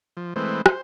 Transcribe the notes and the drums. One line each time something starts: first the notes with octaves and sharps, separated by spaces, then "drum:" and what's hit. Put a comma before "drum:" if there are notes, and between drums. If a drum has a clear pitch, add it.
F3
E3 G#3 A3 C4 B4 C5
C5, drum: rim click